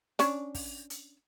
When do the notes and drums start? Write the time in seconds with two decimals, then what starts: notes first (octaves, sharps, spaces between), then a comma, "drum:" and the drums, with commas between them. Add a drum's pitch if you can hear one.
0.19 C#4 D4, drum: hi-hat
0.55 drum: kick, open hi-hat
0.90 drum: hi-hat